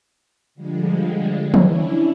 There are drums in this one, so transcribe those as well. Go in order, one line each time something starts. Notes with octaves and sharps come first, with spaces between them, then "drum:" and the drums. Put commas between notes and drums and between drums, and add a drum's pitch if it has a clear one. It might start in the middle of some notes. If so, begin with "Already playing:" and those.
D3 F3 G3 G#3
C#4 D4 E4, drum: tom